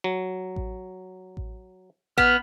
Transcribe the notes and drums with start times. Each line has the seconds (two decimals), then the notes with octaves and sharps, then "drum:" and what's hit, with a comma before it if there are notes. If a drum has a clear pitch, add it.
0.04 F#3
0.56 drum: kick A1
1.37 drum: kick A1
2.18 B3 F6, drum: kick A1